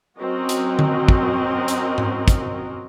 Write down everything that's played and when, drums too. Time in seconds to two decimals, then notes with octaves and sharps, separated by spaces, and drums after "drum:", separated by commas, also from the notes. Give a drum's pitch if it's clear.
0.19 F#3 C4 C#4 F#4 A#4 D#5
0.49 drum: hi-hat
0.79 drum: tom D3
1.09 drum: kick
1.68 drum: hi-hat
1.98 drum: tom G#2
2.28 drum: kick, hi-hat